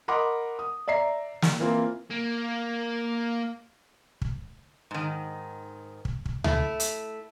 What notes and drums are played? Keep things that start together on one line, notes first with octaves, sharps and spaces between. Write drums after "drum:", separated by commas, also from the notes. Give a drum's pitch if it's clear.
A#4 D#5 F#5 B5 C6 D6
D#6
D5 E5 A#5 C7
drum: snare
E3 A#3 C4 F4
A#3
drum: kick
G#2 D#3
drum: kick
drum: kick
A3 E4, drum: tom C#2
drum: hi-hat